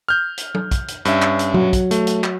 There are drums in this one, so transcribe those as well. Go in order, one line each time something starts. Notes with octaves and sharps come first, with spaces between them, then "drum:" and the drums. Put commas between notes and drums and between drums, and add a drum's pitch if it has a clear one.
F6 G6
drum: hi-hat
drum: tom F#3
drum: kick, hi-hat
drum: hi-hat
G2 C#4 E5, drum: hi-hat
drum: clap
drum: hi-hat
F#3, drum: tom A#2
drum: kick, hi-hat
A3, drum: hi-hat
drum: hi-hat
drum: clap